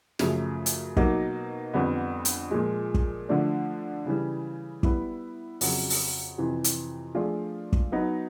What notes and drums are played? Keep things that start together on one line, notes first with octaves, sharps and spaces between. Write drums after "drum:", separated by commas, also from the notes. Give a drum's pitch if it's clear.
F#2 C#3 F3 A3, drum: snare
drum: hi-hat
B2 F#3 A#3 D#4, drum: kick
F2 D3 G3 B3
drum: hi-hat
A#2 F3 G#3
drum: kick
D3 F3 A3 D4
C#3 E3 G3
G3 B3 E4, drum: kick
F2 C#3 F#3, drum: open hi-hat
drum: open hi-hat
F2 C3 E3
drum: hi-hat
F3 A3 D4 F4 G#4
drum: kick
F#3 B3 D#4